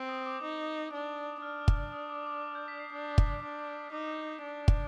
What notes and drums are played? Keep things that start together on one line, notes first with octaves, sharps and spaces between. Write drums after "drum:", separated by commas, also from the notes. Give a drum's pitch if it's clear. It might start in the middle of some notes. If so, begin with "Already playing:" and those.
Already playing: C4
D#6
D6
D#4 D#6
D4
D4 F6
drum: kick
D#6
D6
D6
F6
G6
B6
C7
D4
drum: kick
D4
D#4 D6
D4
drum: kick